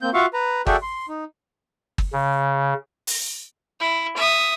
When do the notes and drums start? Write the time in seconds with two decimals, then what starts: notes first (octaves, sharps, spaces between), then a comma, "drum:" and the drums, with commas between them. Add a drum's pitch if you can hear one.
0.02 A#3 C4 G6
0.14 F4 F#4 E5 F5 C#6
0.33 B4 A#5
0.67 F#4 G#4 A4 D5 E5 G5, drum: kick G1
0.82 C6
1.08 D#4
1.98 drum: kick G1
2.13 C#3
3.07 drum: open hi-hat
3.80 E4
4.17 E5 D#6